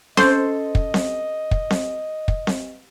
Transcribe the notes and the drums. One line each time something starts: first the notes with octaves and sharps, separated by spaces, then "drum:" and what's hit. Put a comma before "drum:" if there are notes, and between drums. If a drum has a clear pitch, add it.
C#4 A4 C5 D#5 C6 G6, drum: snare C4
drum: kick
drum: snare C4
drum: kick
drum: snare C4
drum: kick
drum: snare C4